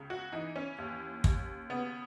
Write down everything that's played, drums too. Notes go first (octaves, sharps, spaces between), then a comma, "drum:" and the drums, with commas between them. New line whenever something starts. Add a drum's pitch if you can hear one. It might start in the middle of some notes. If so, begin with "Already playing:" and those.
Already playing: C#2 C#3
F#4
E3 D#4
C#4
D#2
D#2, drum: kick
C#3 B3